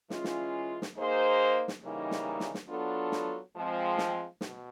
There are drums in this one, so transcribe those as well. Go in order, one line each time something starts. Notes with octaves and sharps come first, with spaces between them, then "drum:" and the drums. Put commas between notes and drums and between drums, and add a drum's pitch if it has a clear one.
E3 G#3 C#4 F4, drum: snare
drum: snare
drum: snare
A#3 D#4 G#4 C5
drum: snare
C#3 E3 G3 A#3 D#4
drum: snare
drum: snare
drum: snare
F#3 B3 D4 F4 A4
drum: snare
F3 G#3 C4
drum: snare
B2, drum: snare